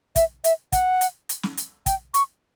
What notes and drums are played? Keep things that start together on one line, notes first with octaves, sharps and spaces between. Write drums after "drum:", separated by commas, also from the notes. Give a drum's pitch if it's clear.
E5, drum: kick, hi-hat
E5, drum: hi-hat
F#5, drum: kick, hi-hat
drum: hi-hat
drum: hi-hat
drum: snare
drum: hi-hat
G5, drum: kick, hi-hat
C#6, drum: hi-hat